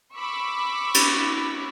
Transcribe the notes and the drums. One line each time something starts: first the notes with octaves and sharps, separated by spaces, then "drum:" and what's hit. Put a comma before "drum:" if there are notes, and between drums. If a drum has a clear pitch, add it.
B5 C#6 D6 E6
drum: cymbal